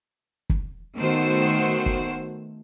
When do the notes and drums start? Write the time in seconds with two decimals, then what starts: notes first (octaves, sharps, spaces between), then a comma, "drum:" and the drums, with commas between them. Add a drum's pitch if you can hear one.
0.50 drum: kick
0.96 D#3 A3 B3 F#4 C5
1.86 drum: kick